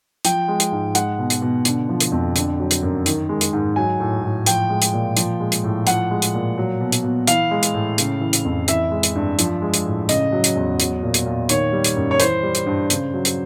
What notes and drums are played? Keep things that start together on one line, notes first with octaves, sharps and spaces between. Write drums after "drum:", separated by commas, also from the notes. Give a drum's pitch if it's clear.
F3 G5, drum: hi-hat
G#3
drum: hi-hat
G#2
G#3 F#5, drum: hi-hat
B2
drum: hi-hat
B2
D3, drum: hi-hat
F3
drum: hi-hat
F2
D3, drum: hi-hat
F#3
drum: hi-hat
F#2
D#3, drum: hi-hat
G#3
drum: hi-hat
G#2
F#3 G#5
A2
A2
F3 G5, drum: hi-hat
G#3
drum: hi-hat
A#2
F3, drum: hi-hat
G#3
drum: hi-hat
A2
F3 F#5, drum: hi-hat
G#3
drum: hi-hat
A#2
F#3
B2
drum: hi-hat
B2
E3 F5, drum: hi-hat
G#3
drum: hi-hat
A2
C#3, drum: hi-hat
E3
drum: hi-hat
F2
E3 E5, drum: hi-hat
G#3
drum: hi-hat
G2
F3, drum: hi-hat
G#3
drum: hi-hat
A2
C#3 D#5, drum: hi-hat
F#3
drum: hi-hat
E2
F#3, drum: hi-hat
A#2
drum: hi-hat
A#2
D#3 C#5, drum: hi-hat
G3
drum: hi-hat
F#2
C#5
E3 C5, drum: hi-hat
G3
drum: hi-hat
G2
C#3, drum: hi-hat
F#3
drum: hi-hat